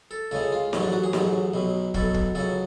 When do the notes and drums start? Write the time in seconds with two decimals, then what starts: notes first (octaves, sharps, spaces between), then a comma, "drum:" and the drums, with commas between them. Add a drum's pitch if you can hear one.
0.11 A4
0.31 C#2 C#3 G#3 A4
0.52 F4
0.73 A1 G#2 F#3 C#4, drum: snare
0.83 D4
0.92 F#4
1.04 G#4
1.13 A1 G#2 F#3, drum: snare
1.54 B1 B2 F#3
1.94 B1 B2 F#3 A4, drum: kick
2.14 drum: kick
2.35 C#2 C#3 F#3 A4